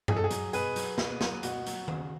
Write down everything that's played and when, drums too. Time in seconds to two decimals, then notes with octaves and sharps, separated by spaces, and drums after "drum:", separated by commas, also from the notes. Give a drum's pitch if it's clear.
0.08 B2 G#4, drum: tom G2
0.16 A4
0.24 G#4
0.31 F#3, drum: hi-hat
0.53 B2 G#4 B4, drum: hi-hat
0.76 F#3, drum: hi-hat
0.98 B2, drum: snare
1.21 F#3, drum: snare
1.43 B2 F#4, drum: hi-hat
1.66 F#3, drum: hi-hat
1.88 C#3, drum: tom D#3